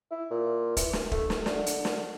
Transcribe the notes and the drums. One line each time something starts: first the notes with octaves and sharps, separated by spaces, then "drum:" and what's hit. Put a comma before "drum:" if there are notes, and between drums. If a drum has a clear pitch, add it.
E4
A#2
E3, drum: kick, hi-hat
drum: snare
A3, drum: kick
drum: snare
D3, drum: snare
drum: hi-hat
drum: snare